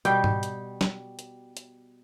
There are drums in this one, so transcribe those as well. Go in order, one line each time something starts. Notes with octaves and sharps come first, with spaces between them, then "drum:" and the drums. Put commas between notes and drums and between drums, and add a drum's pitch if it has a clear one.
B2 G3 G5, drum: hi-hat
drum: tom G#2
drum: hi-hat
drum: snare
drum: hi-hat
drum: hi-hat